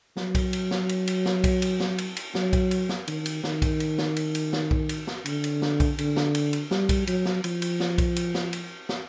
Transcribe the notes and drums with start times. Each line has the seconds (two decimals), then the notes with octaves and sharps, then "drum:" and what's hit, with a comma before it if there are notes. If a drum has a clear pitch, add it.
0.17 F#3, drum: snare
0.35 drum: kick B1, cymbal
0.53 drum: cymbal
0.71 drum: snare
0.89 drum: cymbal
1.07 drum: cymbal
1.26 drum: snare
1.44 drum: kick B1, cymbal
1.62 drum: cymbal
1.80 drum: snare
1.98 drum: cymbal
2.16 drum: cymbal
2.35 F#3, drum: snare
2.53 drum: kick B1, cymbal
2.71 drum: cymbal
2.89 drum: snare
3.08 D#3, drum: cymbal
3.26 drum: cymbal
3.44 D#3, drum: snare
3.62 drum: kick B1, cymbal
3.80 drum: cymbal
3.98 drum: snare
4.16 drum: cymbal
4.35 drum: cymbal
4.53 drum: snare
4.71 drum: kick B1
4.89 drum: cymbal
5.07 drum: snare
5.25 D3, drum: cymbal
5.44 drum: cymbal
5.62 drum: snare
5.80 drum: kick B1, cymbal
5.98 D3, drum: cymbal
6.16 drum: snare
6.35 drum: cymbal
6.53 drum: cymbal
6.71 G3, drum: snare
6.89 drum: kick B1, cymbal
7.07 F#3, drum: cymbal
7.25 drum: snare
7.44 F3, drum: cymbal
7.62 drum: cymbal
7.80 drum: snare
7.98 drum: kick B1, cymbal
8.16 drum: cymbal
8.35 drum: snare
8.53 drum: cymbal
8.89 drum: snare